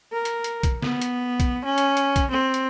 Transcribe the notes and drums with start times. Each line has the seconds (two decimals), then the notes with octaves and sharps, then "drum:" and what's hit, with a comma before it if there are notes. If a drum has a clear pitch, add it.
0.12 A#4
0.25 drum: hi-hat
0.44 drum: hi-hat
0.63 drum: kick A#1, hi-hat
0.82 B3, drum: snare
1.02 drum: hi-hat
1.40 drum: kick A#1, hi-hat
1.65 C#4
1.78 drum: hi-hat
1.97 drum: hi-hat
2.16 drum: kick A#1, hi-hat
2.30 C4
2.54 drum: hi-hat